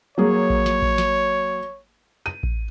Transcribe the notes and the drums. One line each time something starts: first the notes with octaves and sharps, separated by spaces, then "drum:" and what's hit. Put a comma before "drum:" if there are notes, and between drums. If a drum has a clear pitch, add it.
F#3 A#3 G#4 C#5
drum: kick A1
drum: snare
drum: kick A1
drum: snare
D#7
drum: kick A1